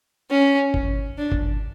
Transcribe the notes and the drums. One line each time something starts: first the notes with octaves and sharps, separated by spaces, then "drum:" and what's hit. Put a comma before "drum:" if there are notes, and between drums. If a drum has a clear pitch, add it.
C#4
drum: kick G1
D4
drum: kick G1